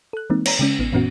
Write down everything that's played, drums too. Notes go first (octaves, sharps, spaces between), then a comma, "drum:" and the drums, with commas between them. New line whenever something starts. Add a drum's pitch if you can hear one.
A4 F#6
E3 G#3 A#3 C4 D#4
C#5 A#5, drum: cymbal
C#3 G#3 C#4
A1 B3
F#2 A#2 E3 B3 C#4 F#4